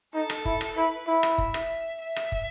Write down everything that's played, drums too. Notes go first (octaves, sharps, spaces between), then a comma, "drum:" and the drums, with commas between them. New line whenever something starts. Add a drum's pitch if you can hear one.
D#4 A4
drum: rim click
E4, drum: kick
drum: rim click
E4 B4
E4
drum: rim click
E5, drum: kick
drum: rim click
E5
drum: rim click
drum: kick